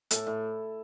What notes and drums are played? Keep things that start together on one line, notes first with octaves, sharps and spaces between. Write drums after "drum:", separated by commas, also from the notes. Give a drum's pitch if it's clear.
A2 A4, drum: hi-hat
A2